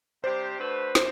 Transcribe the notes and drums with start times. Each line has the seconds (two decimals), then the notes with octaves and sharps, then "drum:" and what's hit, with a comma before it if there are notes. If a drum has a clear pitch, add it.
0.23 C3 G3 D4 G4 C5
0.59 A3 D4 F#4 B4
0.95 C5, drum: snare